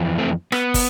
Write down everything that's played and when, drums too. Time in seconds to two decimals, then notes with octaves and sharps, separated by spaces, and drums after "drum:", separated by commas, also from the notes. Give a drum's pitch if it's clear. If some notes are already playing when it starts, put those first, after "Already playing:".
Already playing: F2 E3
0.18 A3 C4
0.52 B3, drum: rim click
0.74 drum: kick, open hi-hat